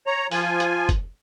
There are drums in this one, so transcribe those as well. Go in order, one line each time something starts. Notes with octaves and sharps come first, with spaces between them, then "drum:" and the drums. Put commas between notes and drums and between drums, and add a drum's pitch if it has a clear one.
C#5 A#5
F3 F4 G#5, drum: open hi-hat
drum: hi-hat
drum: kick, hi-hat